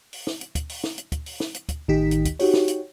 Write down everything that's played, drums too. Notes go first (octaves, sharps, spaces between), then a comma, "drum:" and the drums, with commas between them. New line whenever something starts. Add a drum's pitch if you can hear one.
drum: open hi-hat
drum: snare
drum: hi-hat
drum: kick, hi-hat
drum: open hi-hat
drum: snare
drum: hi-hat
drum: kick, hi-hat
drum: open hi-hat
drum: snare
drum: hi-hat
drum: kick, hi-hat
A1 D#3 D#4 G4 B6
drum: hi-hat
drum: kick, hi-hat
D#4 F#4 G4 C#5, drum: open hi-hat
drum: snare
drum: hi-hat